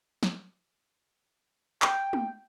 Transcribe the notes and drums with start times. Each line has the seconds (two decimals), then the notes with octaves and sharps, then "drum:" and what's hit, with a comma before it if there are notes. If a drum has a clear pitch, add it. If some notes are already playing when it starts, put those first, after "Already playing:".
0.23 drum: snare
1.82 G5, drum: clap
2.13 drum: tom